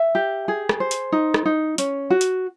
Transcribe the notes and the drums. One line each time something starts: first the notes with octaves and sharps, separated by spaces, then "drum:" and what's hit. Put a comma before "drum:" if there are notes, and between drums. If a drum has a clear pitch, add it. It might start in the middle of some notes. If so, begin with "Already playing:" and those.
Already playing: E5
G4
G#4
drum: rim click
C5
drum: hi-hat
D#4
drum: rim click
D#4
C#4, drum: hi-hat
F#4
drum: hi-hat